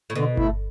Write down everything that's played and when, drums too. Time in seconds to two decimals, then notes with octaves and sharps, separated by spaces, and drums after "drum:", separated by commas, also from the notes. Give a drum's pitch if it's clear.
0.10 A2
0.15 B2 D3
0.37 A3 E4, drum: kick G1